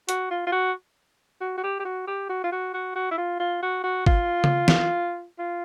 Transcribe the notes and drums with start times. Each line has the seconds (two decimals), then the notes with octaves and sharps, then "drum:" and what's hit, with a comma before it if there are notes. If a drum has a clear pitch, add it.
0.09 F#4, drum: hi-hat
0.30 F4
0.47 F4
0.52 F#4
1.41 F#4
1.58 F#4
1.63 G4
1.79 G4
1.85 F#4
2.07 G4
2.29 F#4
2.44 F4
2.52 F#4
2.74 F#4
2.95 F#4
3.11 E4
3.17 F4
3.40 F4
3.62 F#4
3.84 F#4
4.06 F4, drum: kick
4.44 drum: tom C#3
4.68 drum: snare
5.39 F4